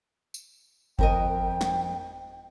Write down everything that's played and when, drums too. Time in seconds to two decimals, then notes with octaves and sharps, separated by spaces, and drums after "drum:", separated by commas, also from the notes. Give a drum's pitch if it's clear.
0.34 drum: tambourine
0.99 F2 A#4 D#5 G5, drum: kick G1
1.61 drum: snare